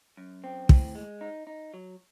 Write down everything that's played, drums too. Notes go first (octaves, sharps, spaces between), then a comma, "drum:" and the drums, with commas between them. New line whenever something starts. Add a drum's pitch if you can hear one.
F#2
C4
A2, drum: kick
G#3
D#4
D#4
F#3